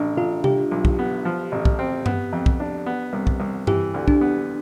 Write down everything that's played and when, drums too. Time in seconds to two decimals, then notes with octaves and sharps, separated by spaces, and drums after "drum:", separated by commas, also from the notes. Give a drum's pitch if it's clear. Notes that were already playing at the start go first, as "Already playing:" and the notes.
Already playing: A1 D4
0.17 A1 F4
0.44 G3 G4, drum: tom C3
0.71 B1
0.85 drum: kick
0.99 B3
1.25 F3
1.52 A1
1.65 drum: kick
1.79 C4
2.06 B3, drum: tom G2
2.33 F2
2.46 drum: kick
2.60 D4
2.86 B3
3.13 C2
3.27 drum: kick
3.40 C2
3.67 E3 G4, drum: tom G2
3.94 D2
4.08 D4, drum: kick
4.21 B3